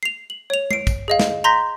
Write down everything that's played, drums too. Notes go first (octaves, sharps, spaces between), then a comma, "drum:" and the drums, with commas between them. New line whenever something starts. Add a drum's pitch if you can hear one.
C7 F7
F#7
C#5 F7
C7 D7, drum: tom G#3
drum: kick, tambourine
G#4 D#5 F5
drum: snare
A#5 C6 G6 A#6 B6